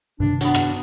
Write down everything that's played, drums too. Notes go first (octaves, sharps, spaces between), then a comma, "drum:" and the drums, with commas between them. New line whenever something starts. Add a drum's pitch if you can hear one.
G2 C3 D#3 D4
F#3 B3 D4, drum: hi-hat
drum: rim click